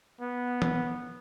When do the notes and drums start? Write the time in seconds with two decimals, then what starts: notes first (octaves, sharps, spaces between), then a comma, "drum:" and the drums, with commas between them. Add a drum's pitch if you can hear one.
0.21 B3
0.62 drum: tom E3